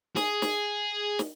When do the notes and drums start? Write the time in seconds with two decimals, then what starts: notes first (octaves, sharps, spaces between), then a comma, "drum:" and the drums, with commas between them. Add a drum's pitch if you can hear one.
0.16 G#4, drum: snare
0.42 drum: snare
1.19 drum: snare